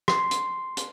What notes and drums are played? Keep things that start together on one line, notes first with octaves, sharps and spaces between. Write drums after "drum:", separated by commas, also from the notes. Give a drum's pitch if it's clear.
C6, drum: rim click
drum: hi-hat
drum: hi-hat